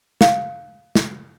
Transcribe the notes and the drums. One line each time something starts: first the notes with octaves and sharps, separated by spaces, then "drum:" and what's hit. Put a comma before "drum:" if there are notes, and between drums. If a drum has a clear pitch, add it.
F5, drum: snare
drum: snare